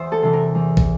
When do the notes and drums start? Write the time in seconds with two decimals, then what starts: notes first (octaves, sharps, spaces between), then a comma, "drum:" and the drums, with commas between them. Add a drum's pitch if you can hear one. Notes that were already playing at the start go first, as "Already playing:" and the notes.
Already playing: E2 C5 E5
0.12 A4
0.22 C3 E3
0.33 A#4
0.55 E2
0.77 drum: kick